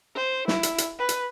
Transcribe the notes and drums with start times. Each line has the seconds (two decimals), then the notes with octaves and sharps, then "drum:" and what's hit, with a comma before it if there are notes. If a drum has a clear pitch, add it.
0.15 C5
0.48 E4, drum: snare
0.63 drum: hi-hat
0.78 drum: hi-hat
0.99 B4
1.09 drum: hi-hat